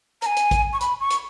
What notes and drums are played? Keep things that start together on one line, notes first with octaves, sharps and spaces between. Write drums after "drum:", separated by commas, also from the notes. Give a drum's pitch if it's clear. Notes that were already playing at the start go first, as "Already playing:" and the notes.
A#5, drum: hi-hat
G#5
drum: hi-hat
drum: kick A1, hi-hat
C#6
B5, drum: hi-hat
C#6
drum: hi-hat